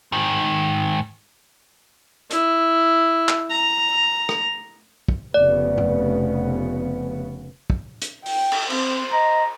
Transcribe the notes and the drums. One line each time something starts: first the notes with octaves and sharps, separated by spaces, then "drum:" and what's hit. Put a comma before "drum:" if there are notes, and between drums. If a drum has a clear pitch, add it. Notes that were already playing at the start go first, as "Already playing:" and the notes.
G#2 D#3
E4, drum: hi-hat
drum: clap
A#5
drum: rim click
drum: kick
F1 C#3 B3 D5
drum: tom G2
drum: kick
drum: hi-hat
G5, drum: open hi-hat
drum: cymbal
C4 C5, drum: cymbal
D#5 A#5